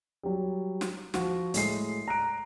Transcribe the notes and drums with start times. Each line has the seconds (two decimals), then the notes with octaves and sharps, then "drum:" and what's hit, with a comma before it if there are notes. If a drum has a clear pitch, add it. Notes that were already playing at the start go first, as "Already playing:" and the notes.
0.23 F#3 G3
0.81 drum: snare
1.14 F3 F#4, drum: snare
1.54 A2 G#3 C7, drum: hi-hat
2.08 A#5 F#6 D7